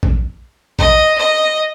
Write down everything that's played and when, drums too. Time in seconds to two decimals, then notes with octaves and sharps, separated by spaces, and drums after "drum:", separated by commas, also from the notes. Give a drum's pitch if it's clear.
0.03 drum: kick
0.79 D#5, drum: kick
1.18 D#5